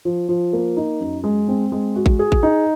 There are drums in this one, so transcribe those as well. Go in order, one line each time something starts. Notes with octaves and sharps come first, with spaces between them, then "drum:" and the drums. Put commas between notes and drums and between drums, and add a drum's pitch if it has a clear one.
F3
F3
A#3
D#4
F#2
G#3
C4
G#3
F#4
drum: kick A1
G#4
drum: kick A1
D#4